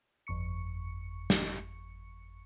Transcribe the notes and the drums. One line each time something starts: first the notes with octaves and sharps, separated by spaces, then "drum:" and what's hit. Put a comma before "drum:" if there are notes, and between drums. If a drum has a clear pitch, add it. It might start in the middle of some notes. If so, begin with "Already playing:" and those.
G1 F2 C#6 C#7
drum: snare